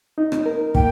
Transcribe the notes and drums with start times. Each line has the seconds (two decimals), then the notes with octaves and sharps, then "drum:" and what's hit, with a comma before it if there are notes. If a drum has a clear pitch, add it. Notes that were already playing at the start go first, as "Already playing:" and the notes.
0.18 D#4
0.32 drum: rim click
0.46 A#4
0.75 A#3 G5, drum: kick